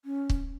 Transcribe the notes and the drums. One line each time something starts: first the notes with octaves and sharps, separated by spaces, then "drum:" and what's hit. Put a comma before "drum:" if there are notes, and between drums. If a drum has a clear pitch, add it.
C#4
drum: kick